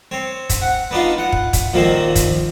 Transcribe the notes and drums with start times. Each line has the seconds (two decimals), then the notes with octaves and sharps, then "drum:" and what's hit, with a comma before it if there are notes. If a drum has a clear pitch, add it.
0.11 C4 C#5
0.49 drum: kick, hi-hat
0.61 F#5
0.91 B3 D4 D#4 F4
1.18 F#5
1.32 drum: kick
1.53 drum: kick, hi-hat
1.73 A#2 D#3 F3 A#3 C4
2.15 drum: kick, hi-hat